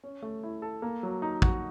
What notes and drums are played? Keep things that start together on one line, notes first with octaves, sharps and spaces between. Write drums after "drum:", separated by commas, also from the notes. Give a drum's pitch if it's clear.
C#4
A3
E4
A4
A#3
F#3
D#4
F#4, drum: kick